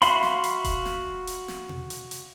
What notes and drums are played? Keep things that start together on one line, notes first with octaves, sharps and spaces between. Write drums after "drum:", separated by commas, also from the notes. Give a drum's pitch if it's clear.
F#4 E5 F5 B5 C6, drum: hi-hat
drum: snare
drum: hi-hat
drum: kick D#1, hi-hat
drum: snare
drum: hi-hat
drum: snare
drum: tom B2
drum: hi-hat
drum: hi-hat